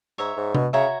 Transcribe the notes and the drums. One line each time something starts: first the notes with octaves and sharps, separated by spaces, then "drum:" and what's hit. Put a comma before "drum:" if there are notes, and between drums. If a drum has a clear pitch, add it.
G#2 C#5 E5 A#5
G#2
B2, drum: tom C3
C#3 F#4 C#5 E5 A#5